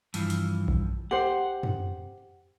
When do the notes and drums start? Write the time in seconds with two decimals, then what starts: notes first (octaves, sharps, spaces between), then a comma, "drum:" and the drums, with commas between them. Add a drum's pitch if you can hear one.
0.14 G2 E3 F3, drum: hi-hat
0.30 drum: hi-hat
0.68 drum: kick A#1
1.11 G4 C5 F#5
1.63 drum: tom